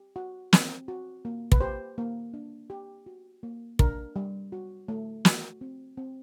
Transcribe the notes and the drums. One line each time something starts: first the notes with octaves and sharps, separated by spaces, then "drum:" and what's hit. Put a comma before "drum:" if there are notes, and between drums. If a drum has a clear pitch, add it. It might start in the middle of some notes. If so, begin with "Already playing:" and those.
Already playing: G4
F#4 F#5
C4, drum: snare
F#4
A#3
B4, drum: kick
G4 C5
A#3
D4
G4
F#4
A#3
D4 A#4, drum: kick
G3
F#4
A3
F#4, drum: snare
C4
C4